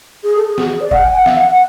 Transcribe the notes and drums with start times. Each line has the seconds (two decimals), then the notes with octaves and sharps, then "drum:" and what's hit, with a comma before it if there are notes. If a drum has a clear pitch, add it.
0.23 G#4
0.36 A4
0.47 G#4
0.58 F#4, drum: snare
0.70 G#4
0.80 D5
0.91 F#5, drum: kick F#1
1.04 G#5
1.15 F#5
1.26 E5, drum: snare
1.37 F#5
1.49 F#5